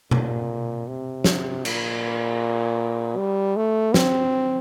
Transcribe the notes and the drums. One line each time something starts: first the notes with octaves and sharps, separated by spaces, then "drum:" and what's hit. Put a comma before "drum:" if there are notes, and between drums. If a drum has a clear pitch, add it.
A#2, drum: tom B2
C3
drum: snare
A#2, drum: cymbal
G3
A3
C4, drum: snare